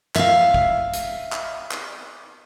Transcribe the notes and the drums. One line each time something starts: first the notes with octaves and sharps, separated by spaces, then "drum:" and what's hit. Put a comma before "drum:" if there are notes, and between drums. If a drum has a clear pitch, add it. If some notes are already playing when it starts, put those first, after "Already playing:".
E5 F5, drum: clap
drum: kick
drum: hi-hat
drum: clap
drum: clap